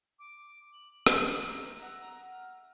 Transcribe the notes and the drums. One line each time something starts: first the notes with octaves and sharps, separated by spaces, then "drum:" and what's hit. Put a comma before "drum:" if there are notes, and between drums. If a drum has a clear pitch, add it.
D6
F#7
drum: rim click
D#4
E5 F#5 A#5
F6